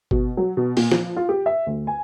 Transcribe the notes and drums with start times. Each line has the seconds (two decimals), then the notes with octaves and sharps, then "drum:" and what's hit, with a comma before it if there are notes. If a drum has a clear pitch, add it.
0.11 B2, drum: kick G1
0.37 F#3
0.57 B2
0.77 A#2, drum: open hi-hat
0.91 F3, drum: snare
1.16 F4
1.29 G4
1.46 E5
1.67 D2
1.87 G#5